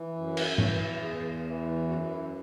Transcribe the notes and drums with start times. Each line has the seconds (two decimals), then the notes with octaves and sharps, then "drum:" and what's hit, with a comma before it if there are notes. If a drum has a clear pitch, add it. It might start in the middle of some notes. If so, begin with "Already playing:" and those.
Already playing: E3
0.16 F#2
0.37 B4, drum: cymbal
0.58 E3 C#5, drum: tom
1.01 E2 G#4
1.44 E3
1.87 F#2 F#4
2.09 E4